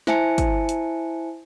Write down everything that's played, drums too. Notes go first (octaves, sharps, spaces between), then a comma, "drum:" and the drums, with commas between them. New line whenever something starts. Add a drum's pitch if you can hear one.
E4 C5 E5 G#5 A5 C#7, drum: snare
drum: kick, hi-hat
drum: hi-hat